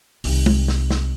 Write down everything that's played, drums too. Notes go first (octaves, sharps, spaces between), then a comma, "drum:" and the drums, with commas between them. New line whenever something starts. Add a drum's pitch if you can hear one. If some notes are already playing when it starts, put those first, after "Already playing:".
C2 D#3, drum: open hi-hat
drum: tom G#3
drum: snare
drum: snare